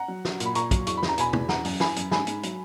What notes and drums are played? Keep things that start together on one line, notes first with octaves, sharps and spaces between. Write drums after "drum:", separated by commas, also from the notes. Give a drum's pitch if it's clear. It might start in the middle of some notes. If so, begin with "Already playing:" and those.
Already playing: F#5 A#5
F#3
F#3, drum: snare
A#2, drum: hi-hat
B5
A#2 A#5 C#6, drum: hi-hat
F#3, drum: kick, hi-hat
E2 C#6, drum: hi-hat
B5
E2, drum: snare
A#5
B2 G#5 B5, drum: hi-hat
E2, drum: tom
E3 F#5 A#5, drum: snare
F#2, drum: open hi-hat
E3 G#5 B5, drum: snare
F#2, drum: hi-hat
G#2 G#5 B5, drum: snare
G#2, drum: hi-hat
F#3, drum: hi-hat